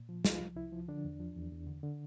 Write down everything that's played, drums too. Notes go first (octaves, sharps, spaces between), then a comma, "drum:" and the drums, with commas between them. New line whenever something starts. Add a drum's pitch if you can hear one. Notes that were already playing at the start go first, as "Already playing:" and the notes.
Already playing: A#2
F3
C2 F4, drum: snare
F3
C2 E4
F3
D3 D4
E2
F3
E2
E2
D3
D3